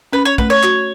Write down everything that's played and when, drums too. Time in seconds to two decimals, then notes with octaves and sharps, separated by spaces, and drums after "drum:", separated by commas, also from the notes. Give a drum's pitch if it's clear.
0.13 C#4 B4
0.25 C#5
0.38 A3 B4, drum: kick
0.50 C#5
0.63 F#4, drum: clap